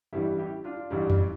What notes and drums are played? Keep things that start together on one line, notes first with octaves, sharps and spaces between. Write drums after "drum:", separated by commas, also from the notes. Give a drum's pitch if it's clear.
A1 G2 E3 G3 E4 G4
E4 G4
D4 F4
A1 G2 E3 G3
drum: tom F2